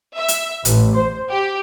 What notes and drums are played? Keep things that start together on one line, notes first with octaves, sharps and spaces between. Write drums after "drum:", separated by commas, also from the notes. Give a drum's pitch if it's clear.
E5
drum: hi-hat
A1, drum: hi-hat
C5
G4